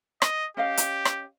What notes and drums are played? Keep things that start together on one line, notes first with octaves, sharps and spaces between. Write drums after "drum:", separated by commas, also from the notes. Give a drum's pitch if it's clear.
D#5, drum: rim click
C#4 G4 D#5 F5
drum: hi-hat
drum: rim click